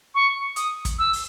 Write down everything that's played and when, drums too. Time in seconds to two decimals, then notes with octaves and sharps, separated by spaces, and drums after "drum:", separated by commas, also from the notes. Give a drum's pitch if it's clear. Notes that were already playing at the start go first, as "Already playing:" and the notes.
0.15 C#6
0.56 D#6, drum: hi-hat
0.85 drum: kick, hi-hat
0.99 E6
1.13 drum: open hi-hat